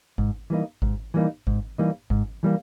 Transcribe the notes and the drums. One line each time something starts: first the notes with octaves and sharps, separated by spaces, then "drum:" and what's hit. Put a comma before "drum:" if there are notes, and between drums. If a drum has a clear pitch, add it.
G#2, drum: kick G#1
E3 G3 A#3 D#4
G#2, drum: kick G#1
E3 G3 A#3 D#4
G#2, drum: kick G#1
E3 G3 A#3 D#4
G#2, drum: kick G#1
E3 G3 A#3